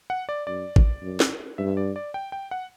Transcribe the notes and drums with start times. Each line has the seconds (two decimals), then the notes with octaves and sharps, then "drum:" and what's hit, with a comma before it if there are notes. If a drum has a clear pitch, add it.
0.10 F#5
0.29 D5
0.47 F#2 D5
0.76 drum: kick
1.02 F#2
1.20 drum: snare
1.58 G2 E5
1.77 D5
1.96 D5
2.14 G5
2.32 G5
2.51 F#5